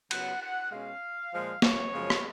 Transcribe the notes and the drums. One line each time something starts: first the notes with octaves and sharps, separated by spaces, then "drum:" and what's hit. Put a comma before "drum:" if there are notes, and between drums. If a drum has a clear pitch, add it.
C#3 F#3 B3 F#5, drum: cymbal
F#5
B2 G#3 C#4 F5
A#2 F3 G#3
C#5, drum: snare
F#2 C#3 F3 G#3
drum: rim click